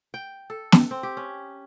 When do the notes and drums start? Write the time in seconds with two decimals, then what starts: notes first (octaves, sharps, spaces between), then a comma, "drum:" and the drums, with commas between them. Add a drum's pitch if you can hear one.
0.14 G5
0.50 A4
0.72 drum: snare
0.91 C4
1.03 G4
1.17 C#4